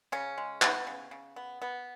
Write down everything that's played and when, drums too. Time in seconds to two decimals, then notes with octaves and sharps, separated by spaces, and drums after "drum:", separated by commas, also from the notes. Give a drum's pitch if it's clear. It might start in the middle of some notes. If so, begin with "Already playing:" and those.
0.12 C#3 C#4
0.38 G#3
0.62 B3, drum: clap
0.87 C#3
1.11 C#3
1.36 B3
1.62 B3